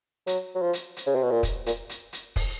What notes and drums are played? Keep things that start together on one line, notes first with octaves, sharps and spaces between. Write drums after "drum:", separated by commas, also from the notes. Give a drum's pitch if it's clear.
F#3, drum: hi-hat
F#3
F3
drum: hi-hat
drum: hi-hat
C#3
C3
B2
A#2
drum: kick, hi-hat
A#2, drum: hi-hat
drum: hi-hat
drum: hi-hat
drum: kick, open hi-hat